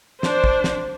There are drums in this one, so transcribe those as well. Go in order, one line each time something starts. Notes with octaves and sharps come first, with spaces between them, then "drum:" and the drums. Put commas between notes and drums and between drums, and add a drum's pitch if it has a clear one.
D4 C5, drum: snare
drum: kick
drum: snare